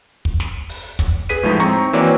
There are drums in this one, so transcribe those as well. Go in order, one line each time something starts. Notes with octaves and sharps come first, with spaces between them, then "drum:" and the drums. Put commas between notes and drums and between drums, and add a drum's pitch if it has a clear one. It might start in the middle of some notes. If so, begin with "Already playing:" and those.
drum: kick
drum: snare
drum: open hi-hat
drum: kick, hi-hat
G#4 B4 B6 D#7, drum: hi-hat
A2 F3 G#3 D#4
C4 A#5 C#6, drum: hi-hat
E3 A#3 C4 F#4 C#5 D5